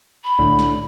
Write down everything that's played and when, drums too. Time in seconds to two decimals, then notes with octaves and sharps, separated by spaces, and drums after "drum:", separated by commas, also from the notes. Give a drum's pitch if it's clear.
0.23 B5
0.39 A2 D3, drum: kick C2
0.59 drum: snare